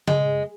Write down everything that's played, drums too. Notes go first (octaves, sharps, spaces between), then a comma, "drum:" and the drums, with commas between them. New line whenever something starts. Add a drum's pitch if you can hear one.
G#3, drum: tom C#3